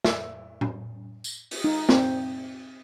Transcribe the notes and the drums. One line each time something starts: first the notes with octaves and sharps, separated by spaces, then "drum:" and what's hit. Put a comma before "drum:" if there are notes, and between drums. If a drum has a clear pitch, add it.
E5, drum: snare
drum: tom A#2
drum: tambourine
drum: open hi-hat
D#4
C4, drum: snare